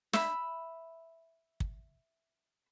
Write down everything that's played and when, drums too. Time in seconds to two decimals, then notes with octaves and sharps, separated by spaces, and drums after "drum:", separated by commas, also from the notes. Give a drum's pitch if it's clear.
0.13 E5 B5, drum: snare
1.60 drum: kick